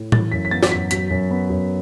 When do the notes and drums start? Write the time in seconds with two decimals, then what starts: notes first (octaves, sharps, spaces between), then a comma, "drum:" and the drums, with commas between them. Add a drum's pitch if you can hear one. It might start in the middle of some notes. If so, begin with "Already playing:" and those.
Already playing: A2
0.12 E3 A6, drum: tom A2
0.32 F#2 B6
0.45 B6
0.51 B3 A6
0.63 A6, drum: snare
0.71 F#2 B6
0.91 F#3 B6, drum: hi-hat
1.11 F#2
1.31 B3
1.50 F#2